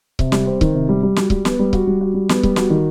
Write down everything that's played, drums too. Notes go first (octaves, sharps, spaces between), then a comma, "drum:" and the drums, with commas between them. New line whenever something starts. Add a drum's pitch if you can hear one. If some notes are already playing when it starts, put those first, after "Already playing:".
C3, drum: kick C#1
G3, drum: snare
C4
D#3, drum: kick C#1
C3
G3
G3
F#4, drum: snare
G3, drum: kick C#1
B3, drum: snare
G3
F#4, drum: kick C#1
G3
F#4
G3
B3, drum: snare
G3, drum: kick C#1
F#4, drum: snare
D#3